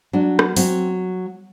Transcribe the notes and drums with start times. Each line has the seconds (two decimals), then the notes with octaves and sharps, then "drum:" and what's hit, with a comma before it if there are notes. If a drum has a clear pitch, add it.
0.13 F#3 D4
0.39 drum: rim click
0.57 F#3 C4, drum: open hi-hat